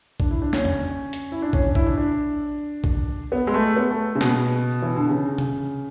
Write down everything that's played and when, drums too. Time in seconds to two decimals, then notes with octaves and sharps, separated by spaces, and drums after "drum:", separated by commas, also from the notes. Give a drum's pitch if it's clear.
0.20 D4, drum: kick
0.30 E4
0.42 D4
0.53 C#4, drum: snare
0.65 drum: tom E2
1.13 drum: hi-hat
1.32 E4
1.42 D4
1.53 C#4, drum: kick
1.65 D4
1.75 E4, drum: kick
1.87 D4
1.98 D4
2.84 drum: kick
3.32 B3
3.47 G#3
3.54 A3
3.76 B3
3.91 A3
4.15 C#3
4.21 B2, drum: snare
4.82 E3
4.96 D3
5.09 C#3
5.38 drum: tom